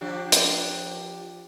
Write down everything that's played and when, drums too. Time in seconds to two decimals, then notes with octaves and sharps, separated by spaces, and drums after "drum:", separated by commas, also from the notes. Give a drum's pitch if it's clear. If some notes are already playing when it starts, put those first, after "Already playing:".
0.01 F3 D4 G4
0.32 drum: hi-hat